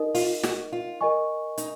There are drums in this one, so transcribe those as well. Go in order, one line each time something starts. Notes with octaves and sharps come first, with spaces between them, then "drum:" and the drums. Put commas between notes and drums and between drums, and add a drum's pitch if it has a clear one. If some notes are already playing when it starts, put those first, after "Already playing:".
Already playing: D#4 A#4 D#5
F4, drum: open hi-hat
F#4, drum: snare
F4
A#4 D#5 G#5 C#6
D#4, drum: hi-hat